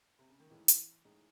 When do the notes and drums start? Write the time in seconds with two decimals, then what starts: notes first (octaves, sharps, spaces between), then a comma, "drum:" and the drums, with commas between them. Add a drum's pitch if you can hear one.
0.19 C3
0.29 C#3
0.40 D#3
0.50 A2 E3 G#3 D#4 G#4
0.68 drum: hi-hat
1.04 A2 G#3 D#4 G#4